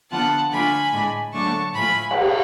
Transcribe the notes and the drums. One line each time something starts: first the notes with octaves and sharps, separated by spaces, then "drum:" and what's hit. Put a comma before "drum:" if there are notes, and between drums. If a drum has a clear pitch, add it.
D3 F3 B3 F4 F#5 A5
D3 F3 A3 D4 F4 G#5 B5
A2 G#3 D4
D3 F#3 A3 D4 A5 C#6
A2 F3 A3 F4 G#5 B5
drum: cymbal